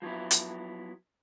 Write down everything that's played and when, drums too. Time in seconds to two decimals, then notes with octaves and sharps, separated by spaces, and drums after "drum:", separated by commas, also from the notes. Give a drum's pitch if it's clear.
0.02 F3 F#3 B3 E4
0.31 drum: hi-hat